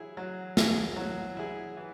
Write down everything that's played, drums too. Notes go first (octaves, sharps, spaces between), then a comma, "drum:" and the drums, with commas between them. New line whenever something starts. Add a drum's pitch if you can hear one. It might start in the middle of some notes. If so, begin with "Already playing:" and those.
Already playing: F#3 E4 G#4
F#3
E4 G#4, drum: snare
F#3
E4 G#4
E3